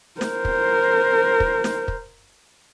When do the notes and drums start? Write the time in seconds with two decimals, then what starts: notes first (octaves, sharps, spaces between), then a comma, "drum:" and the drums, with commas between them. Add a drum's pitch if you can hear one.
0.21 A#4 C5, drum: snare
0.45 drum: kick
1.40 drum: kick
1.64 drum: snare
1.88 drum: kick